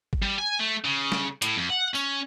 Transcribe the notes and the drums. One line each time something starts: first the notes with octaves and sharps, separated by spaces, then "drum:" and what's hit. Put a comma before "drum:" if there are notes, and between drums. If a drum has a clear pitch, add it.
drum: kick G#1
G3
G#5
A3
C#3
drum: snare
A2, drum: hi-hat
F2
F#5
C#4, drum: tambourine